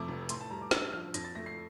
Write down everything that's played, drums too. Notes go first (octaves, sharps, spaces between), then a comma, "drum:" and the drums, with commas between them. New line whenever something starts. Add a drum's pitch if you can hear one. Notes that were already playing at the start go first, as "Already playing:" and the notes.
Already playing: F2 C3 A3 D6
F1
A2 C6, drum: hi-hat
A5
G3 A#5
D6
G2 E6, drum: snare
F3 F6
F2 A#6, drum: hi-hat
A6
A3 A#6
C7